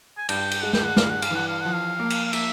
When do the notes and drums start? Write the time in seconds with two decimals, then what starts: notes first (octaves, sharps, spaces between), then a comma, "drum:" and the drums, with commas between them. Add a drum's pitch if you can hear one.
0.17 G#5
0.29 G2 G5, drum: cymbal
0.51 drum: cymbal
0.63 G#3 F#5
0.73 G5, drum: snare
0.84 F#5
0.96 G2 F5, drum: snare
1.10 F#5
1.22 F5, drum: cymbal
1.31 E3 F#5
1.48 F5
1.61 F3 F#5
1.73 F5
2.00 A#3
2.10 drum: cymbal
2.25 F5
2.33 A#3 E5, drum: cymbal